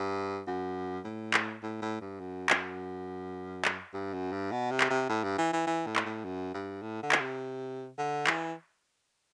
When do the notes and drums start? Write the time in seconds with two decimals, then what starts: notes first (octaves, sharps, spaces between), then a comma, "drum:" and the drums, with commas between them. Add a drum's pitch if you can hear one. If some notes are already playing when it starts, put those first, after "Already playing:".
Already playing: G2
0.47 F#2
1.05 A2
1.34 drum: clap
1.63 A2
1.82 A2
2.01 G2
2.20 F#2
2.50 F#2, drum: clap
3.65 drum: clap
3.94 G2
4.14 F#2
4.32 G2
4.52 B2
4.71 C3
4.81 drum: clap
4.90 C3
5.09 A2
5.24 G2
5.38 E3
5.53 E3
5.67 E3
5.87 A2
5.96 drum: clap
6.06 A2
6.25 F#2
6.54 G2
6.82 A2
7.03 D3
7.12 drum: clap
7.21 C3
7.98 D3
8.27 E3, drum: clap